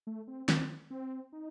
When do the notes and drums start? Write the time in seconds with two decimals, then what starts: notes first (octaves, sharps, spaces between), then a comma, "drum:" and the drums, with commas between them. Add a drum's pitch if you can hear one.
0.07 A3
0.28 C4
0.49 C4, drum: snare
0.90 C4
1.32 D#4